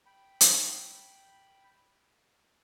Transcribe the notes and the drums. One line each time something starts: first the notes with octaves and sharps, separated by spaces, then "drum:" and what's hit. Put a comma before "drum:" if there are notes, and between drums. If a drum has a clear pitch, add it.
G5 B5
drum: hi-hat